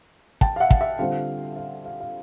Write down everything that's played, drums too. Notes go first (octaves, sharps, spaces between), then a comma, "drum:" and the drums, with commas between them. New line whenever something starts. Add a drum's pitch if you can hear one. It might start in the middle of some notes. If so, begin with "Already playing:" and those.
G5 A5, drum: kick
F5
E5 F#5
drum: kick
E5
D3 G3 C4 F4 F5
F5
F5
F5